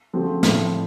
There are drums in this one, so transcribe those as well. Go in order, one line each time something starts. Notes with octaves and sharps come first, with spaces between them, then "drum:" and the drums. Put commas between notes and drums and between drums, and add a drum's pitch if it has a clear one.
C#3 F3 A3 C4 F#4
A1 A2 F3 C4, drum: snare